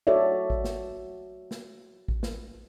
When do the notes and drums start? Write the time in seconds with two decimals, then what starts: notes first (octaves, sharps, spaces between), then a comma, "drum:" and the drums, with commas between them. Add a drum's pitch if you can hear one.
0.07 F#4 A4 C#5 D5 E5
0.50 drum: kick
0.64 drum: snare
1.51 drum: snare
2.08 drum: kick
2.23 drum: snare